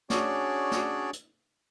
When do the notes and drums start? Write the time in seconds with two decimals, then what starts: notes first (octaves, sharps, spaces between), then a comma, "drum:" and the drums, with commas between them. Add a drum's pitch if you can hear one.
0.10 C#4 D4 F#4 G#4 C#5 D5, drum: snare
0.71 drum: snare
1.13 drum: hi-hat